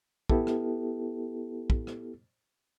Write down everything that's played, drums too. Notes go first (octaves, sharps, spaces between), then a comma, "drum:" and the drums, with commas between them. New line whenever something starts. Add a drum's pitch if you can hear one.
B3 E4 G4 A4, drum: kick
drum: rim click
drum: kick
drum: rim click